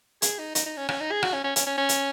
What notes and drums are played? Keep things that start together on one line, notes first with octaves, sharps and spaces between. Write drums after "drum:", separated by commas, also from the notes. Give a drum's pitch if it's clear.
G#4, drum: hi-hat
D#4
D#4, drum: hi-hat
D#4
C#4
C#4, drum: rim click
D#4
G#4
F#4, drum: rim click
C#4
C#4
C#4, drum: hi-hat
C#4
C#4
drum: hi-hat